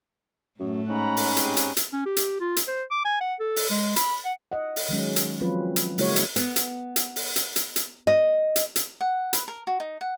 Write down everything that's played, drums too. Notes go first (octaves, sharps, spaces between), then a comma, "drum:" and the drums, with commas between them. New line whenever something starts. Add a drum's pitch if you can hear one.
F#2 A2 A3
G#2 C#4 F#5 A#5 B5
drum: open hi-hat
C4 G4 G#4, drum: hi-hat
drum: hi-hat
drum: hi-hat
C#4
G4
drum: hi-hat
F4
drum: hi-hat
C5
D6
G#5
F#5
A4
drum: open hi-hat
G#3
B5, drum: hi-hat
F#5
D#5 F#5
drum: open hi-hat
D#3 F#3 G#3 C#4
drum: hi-hat
F3 F#3 C4 C#4 F4 B4
drum: hi-hat
C#3 G#3 A#3 E4 F#4 C#5, drum: open hi-hat
drum: hi-hat
B3, drum: hi-hat
drum: hi-hat
drum: hi-hat
drum: open hi-hat
drum: hi-hat
drum: hi-hat
drum: hi-hat
D#5
drum: hi-hat
drum: hi-hat
F#5
B4, drum: hi-hat
A#4
F#4
D#4
F#5